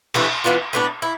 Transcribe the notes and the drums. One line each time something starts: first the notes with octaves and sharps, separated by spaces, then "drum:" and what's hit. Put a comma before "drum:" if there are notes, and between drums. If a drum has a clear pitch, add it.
C3 E3 A3 D4, drum: cymbal
E3 B3 D4 F4
A2 G3 B3 D4
E4